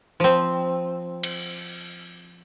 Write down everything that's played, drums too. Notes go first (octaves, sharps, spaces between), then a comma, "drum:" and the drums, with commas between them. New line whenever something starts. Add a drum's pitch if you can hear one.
F3 C4
drum: cymbal